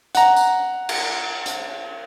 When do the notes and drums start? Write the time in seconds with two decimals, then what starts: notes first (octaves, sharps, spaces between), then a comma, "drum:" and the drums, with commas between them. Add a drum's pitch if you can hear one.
0.15 F#5 A#5, drum: hi-hat
0.36 drum: tambourine
0.89 drum: cymbal
1.46 drum: hi-hat